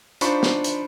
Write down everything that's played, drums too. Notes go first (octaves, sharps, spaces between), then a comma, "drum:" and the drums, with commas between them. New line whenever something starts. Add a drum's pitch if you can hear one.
D4 D#4 F4 C5 B5 C#6, drum: hi-hat
drum: snare
drum: hi-hat